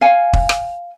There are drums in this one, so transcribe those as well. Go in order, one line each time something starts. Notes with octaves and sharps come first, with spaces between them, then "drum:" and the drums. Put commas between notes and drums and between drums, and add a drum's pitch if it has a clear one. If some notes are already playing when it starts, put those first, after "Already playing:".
F5 G#5
drum: kick
drum: rim click